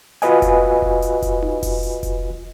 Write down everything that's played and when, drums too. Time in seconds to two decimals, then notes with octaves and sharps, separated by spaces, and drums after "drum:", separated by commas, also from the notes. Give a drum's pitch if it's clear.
0.22 F4 F#4 B4 D#5 G#5, drum: hi-hat
0.42 drum: kick F1, hi-hat
0.82 drum: kick F1
1.02 drum: hi-hat
1.22 drum: kick F1, hi-hat
1.43 drum: tom D#4
1.63 drum: kick F1, open hi-hat
1.83 drum: hi-hat
2.03 drum: kick F1, hi-hat